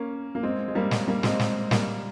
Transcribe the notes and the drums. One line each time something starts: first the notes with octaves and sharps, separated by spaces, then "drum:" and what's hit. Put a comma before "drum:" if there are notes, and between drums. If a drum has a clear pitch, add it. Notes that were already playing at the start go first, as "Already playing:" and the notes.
Already playing: A#3 C#4
A#3
G#3 C4
G#3
G3 A#3
drum: snare
G3 A#3
G#3 C4, drum: snare
drum: snare
G3 A#3, drum: snare